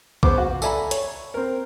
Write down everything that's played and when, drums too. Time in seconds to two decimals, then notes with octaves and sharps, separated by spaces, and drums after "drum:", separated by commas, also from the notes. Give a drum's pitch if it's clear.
0.23 C#3 F3 B3 C5 D6, drum: kick B1
0.38 F#4
0.62 A4 D5 E5 G#5 A#5 B5, drum: tambourine
0.91 C#5, drum: hi-hat
1.34 C4 A#4